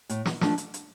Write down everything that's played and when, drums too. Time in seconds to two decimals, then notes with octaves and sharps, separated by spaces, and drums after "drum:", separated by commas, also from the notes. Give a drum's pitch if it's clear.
0.09 A2, drum: hi-hat
0.26 drum: snare
0.41 F3 A3 D4, drum: snare
0.58 drum: hi-hat
0.74 drum: hi-hat